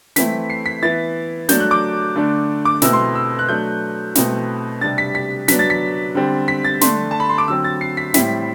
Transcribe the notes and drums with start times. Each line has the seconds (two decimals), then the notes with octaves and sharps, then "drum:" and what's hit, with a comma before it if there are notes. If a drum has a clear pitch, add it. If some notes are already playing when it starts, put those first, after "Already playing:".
0.16 E3 A3 C4 E4 B6, drum: snare
0.50 C7
0.66 B6
0.83 E3 B3 E4 A6
1.49 F#3 A3 D4 G6, drum: snare
1.60 F#6
1.71 D6
2.15 D3 A3 D4
2.65 D6
2.82 B2 A3 C4 E4 E6, drum: snare
2.93 C6
3.15 E6
3.39 F#6
3.48 F#3 A3 D4 G6
4.15 B2 A3 C4 E4, drum: snare
4.81 C3 G3 D4 A6
4.98 B6
5.15 B6
5.48 F#3 B3 D4 B6, drum: snare
5.59 A6
5.70 B6
6.15 D3 G3 C4
6.48 B6
6.65 A6
6.81 D3 A3 D4 C6, drum: snare
7.11 A5
7.20 B5
7.29 C6
7.38 D6
7.48 D3 F#3 C4 E6
7.64 A6
7.81 C7
7.97 B6
8.14 A2 G3 C4 E4 B6, drum: snare